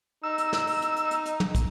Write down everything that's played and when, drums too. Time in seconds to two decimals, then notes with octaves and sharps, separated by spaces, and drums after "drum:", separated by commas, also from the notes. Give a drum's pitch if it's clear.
0.24 D#4 E6
0.38 drum: hi-hat
0.53 drum: snare
0.67 drum: open hi-hat
0.82 drum: hi-hat
0.96 drum: hi-hat
1.11 drum: hi-hat
1.26 drum: hi-hat
1.40 drum: tom
1.55 drum: kick, hi-hat